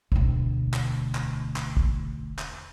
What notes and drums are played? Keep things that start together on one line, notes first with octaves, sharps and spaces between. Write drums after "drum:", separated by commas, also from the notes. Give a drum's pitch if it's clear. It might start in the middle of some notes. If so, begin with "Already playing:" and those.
E1 D2, drum: kick
drum: clap
drum: clap
drum: clap
drum: kick
drum: clap